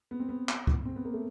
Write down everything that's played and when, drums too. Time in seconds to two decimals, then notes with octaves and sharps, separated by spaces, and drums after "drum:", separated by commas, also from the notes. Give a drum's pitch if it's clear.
0.11 B3
0.20 C4
0.29 B3
0.49 drum: clap
0.67 drum: kick C#2
0.85 C4
0.96 B3
1.05 A#3
1.13 A3